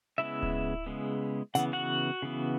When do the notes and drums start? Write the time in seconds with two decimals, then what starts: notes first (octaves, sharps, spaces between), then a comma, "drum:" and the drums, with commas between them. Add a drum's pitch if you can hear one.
0.18 C#3 G#3 B3 E4 E5
0.43 drum: kick D1
0.86 C#3 G#3 B3
1.55 C#3 E3 B3 F#5, drum: hi-hat
1.73 F#4 F#5
2.22 C#3 E3 B3